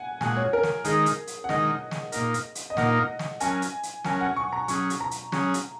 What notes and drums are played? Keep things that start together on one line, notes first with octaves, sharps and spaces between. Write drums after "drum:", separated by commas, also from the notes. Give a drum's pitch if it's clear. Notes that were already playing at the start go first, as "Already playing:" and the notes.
Already playing: F#5 G#5
A#2 G#3 F#4 G#5, drum: snare
C#5
A#4
drum: snare
D#3 G#3 D#4 G#4 A#4, drum: hi-hat
drum: hi-hat
drum: hi-hat
F#5
D#3 G#3 D#4 A#4 D#5, drum: snare
drum: snare
A#2 A#3 D#4 A#4, drum: hi-hat
drum: hi-hat
drum: hi-hat
D#5
A#2 A#3 D#4 A#4 F#5, drum: snare
drum: snare
F#3 C#4 A#4 G#5, drum: hi-hat
drum: hi-hat
drum: hi-hat
F#3 C#4 A#4 G#5, drum: snare
F#5
C#6
A#5
F#3 C#4 G#4 C#6, drum: hi-hat
drum: hi-hat
A#5
drum: hi-hat
F#3 C#4 G#4, drum: snare
drum: hi-hat